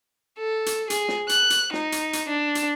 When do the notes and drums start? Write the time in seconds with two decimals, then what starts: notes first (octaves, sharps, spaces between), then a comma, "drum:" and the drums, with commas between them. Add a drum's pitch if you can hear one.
0.39 A4
0.66 drum: hi-hat
0.90 G#4, drum: hi-hat
1.08 drum: snare
1.29 F#6, drum: hi-hat
1.50 drum: hi-hat
1.73 D#4, drum: snare
1.92 drum: hi-hat
2.13 drum: hi-hat
2.28 D4
2.55 drum: hi-hat